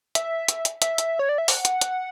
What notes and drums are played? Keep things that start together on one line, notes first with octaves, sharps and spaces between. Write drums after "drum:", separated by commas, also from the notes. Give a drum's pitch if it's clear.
E5, drum: hi-hat
drum: hi-hat
drum: hi-hat
E5, drum: hi-hat
drum: hi-hat
C#5
D5
E5
F#5, drum: open hi-hat
drum: hi-hat
drum: hi-hat